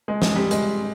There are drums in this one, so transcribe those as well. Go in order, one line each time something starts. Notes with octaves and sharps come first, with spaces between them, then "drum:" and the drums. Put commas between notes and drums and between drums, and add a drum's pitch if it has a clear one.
G#3
G#3, drum: snare
G3
G#3, drum: hi-hat